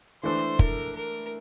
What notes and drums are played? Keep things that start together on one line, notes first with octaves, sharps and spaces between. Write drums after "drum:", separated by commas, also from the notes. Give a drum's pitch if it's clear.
E3 A3 D4 A4 C5
A#4, drum: kick
A#4